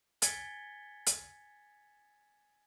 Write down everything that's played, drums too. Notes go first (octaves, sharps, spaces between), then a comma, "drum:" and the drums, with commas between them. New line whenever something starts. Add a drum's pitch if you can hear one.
G#5 G#6 A6 B6 C#7 G7, drum: hi-hat
drum: hi-hat